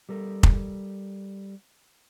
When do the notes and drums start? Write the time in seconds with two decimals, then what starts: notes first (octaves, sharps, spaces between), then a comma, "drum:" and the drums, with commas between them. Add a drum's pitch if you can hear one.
0.09 G3 A4 A#4
0.43 drum: kick F1